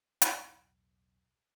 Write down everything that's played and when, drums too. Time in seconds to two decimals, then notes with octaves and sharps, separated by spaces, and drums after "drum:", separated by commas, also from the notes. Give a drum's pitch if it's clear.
0.22 B1 E2 A2, drum: hi-hat